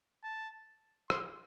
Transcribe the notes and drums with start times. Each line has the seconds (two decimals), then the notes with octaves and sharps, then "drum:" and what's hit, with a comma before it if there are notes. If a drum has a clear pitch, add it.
0.24 A5
1.10 C6, drum: rim click